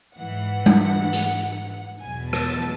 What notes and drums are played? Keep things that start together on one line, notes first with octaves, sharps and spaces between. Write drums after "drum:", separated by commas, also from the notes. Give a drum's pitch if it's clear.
G#2 E3 F#5
drum: tom G3
drum: hi-hat
E2 B2 F#3 G#5
A5, drum: rim click